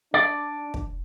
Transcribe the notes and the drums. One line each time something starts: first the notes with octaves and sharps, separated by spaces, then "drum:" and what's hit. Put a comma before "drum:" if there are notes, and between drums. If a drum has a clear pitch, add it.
D4 D5
drum: kick